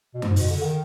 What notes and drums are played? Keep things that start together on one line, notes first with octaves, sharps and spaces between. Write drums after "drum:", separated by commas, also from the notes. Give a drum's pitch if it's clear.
B2
G#2, drum: tom F#2
B2, drum: open hi-hat
D3
D#3